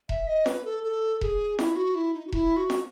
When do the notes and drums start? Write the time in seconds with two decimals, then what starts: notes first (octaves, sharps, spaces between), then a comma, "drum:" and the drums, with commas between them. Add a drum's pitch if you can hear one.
0.09 E5, drum: kick E1
0.27 D#5
0.46 B4, drum: snare
0.65 A4
0.84 A4
1.21 G#4, drum: kick E1
1.59 E4, drum: snare
1.76 F#4
1.95 E4
2.14 D#4
2.27 F#4
2.32 E4, drum: kick E1
2.57 F#4
2.70 drum: snare